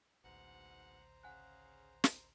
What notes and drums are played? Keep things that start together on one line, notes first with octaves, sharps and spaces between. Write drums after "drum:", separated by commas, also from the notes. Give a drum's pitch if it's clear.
A1 D2 G#2 B2 C5 F#5 A#5
C#3 F#5 G#5 F#6
drum: snare